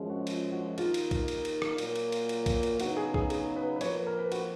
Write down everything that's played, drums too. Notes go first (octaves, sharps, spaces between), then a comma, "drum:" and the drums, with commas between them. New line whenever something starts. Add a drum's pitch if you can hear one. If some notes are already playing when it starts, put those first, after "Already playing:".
Already playing: F#2 F3 G#3 C#4
F#4
F4, drum: cymbal
F#4
D#2 D#3 A#3 D#4 F4, drum: cymbal
drum: cymbal
drum: kick B1, cymbal
drum: cymbal
drum: cymbal
drum: rim click
A#2 F#3 A#3, drum: cymbal
drum: cymbal
drum: cymbal
drum: cymbal
drum: kick B1, cymbal
drum: cymbal
C#3 F#3 B3 D#4 F#4, drum: cymbal
G#4
G#4, drum: kick B1
G#4, drum: cymbal
B4
B4
F2 F3 A#3 C#5, drum: cymbal
B4
A#4
B4
F#4, drum: cymbal